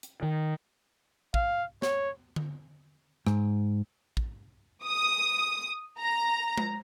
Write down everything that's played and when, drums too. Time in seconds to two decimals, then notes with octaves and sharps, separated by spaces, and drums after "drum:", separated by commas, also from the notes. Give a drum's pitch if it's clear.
0.03 drum: hi-hat
0.22 D#3
1.34 F5, drum: kick
1.82 C#5, drum: snare
2.36 drum: tom D3
3.27 G#2, drum: rim click
4.17 drum: kick
4.85 D#6
5.99 A#5
6.58 drum: tom G#3